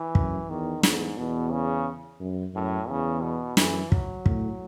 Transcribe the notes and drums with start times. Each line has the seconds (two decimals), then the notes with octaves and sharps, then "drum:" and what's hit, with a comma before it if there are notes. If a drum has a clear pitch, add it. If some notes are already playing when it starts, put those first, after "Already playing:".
Already playing: E3
0.15 F#2, drum: kick
0.49 E2 D#3
0.83 E2 G#2, drum: snare
1.17 E2 B2
1.52 C#3
2.21 F#2
2.55 F#2 A2
2.89 E2 C#3
3.23 B2
3.57 F#2 E3, drum: snare
3.92 F#3, drum: kick
4.26 A2, drum: kick